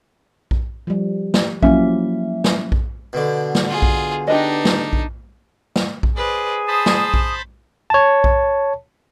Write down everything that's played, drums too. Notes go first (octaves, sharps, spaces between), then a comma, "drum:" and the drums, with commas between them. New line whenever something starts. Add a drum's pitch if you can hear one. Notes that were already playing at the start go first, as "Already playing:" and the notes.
drum: kick A#1
F3 G3
drum: snare
F3 F#3 A#3 C#4 E4 E5, drum: kick A#1
drum: snare
drum: kick A#1
B2 D3
drum: snare
F4 G#4
drum: kick A#1
D4 D#4 G4 B4 D#5
drum: snare
drum: kick A#1
drum: snare
drum: kick A#1
G#4 B4 C5 D5
C5 A5 B5 D#6 E6
drum: snare
drum: kick A#1
C#5 A5
drum: kick A#1